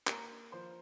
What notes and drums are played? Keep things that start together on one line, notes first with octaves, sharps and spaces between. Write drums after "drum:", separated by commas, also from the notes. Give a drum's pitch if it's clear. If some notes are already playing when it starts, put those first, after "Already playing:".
A#3 A#4 A#5, drum: clap
F3 C5 C6